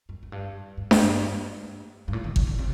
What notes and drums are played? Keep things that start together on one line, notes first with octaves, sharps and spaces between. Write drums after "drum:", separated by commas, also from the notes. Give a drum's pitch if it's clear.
F#2
F#2
G2
G2
F#2, drum: snare D4
G2
G2
A2
D#3
F#3, drum: kick
D3
C3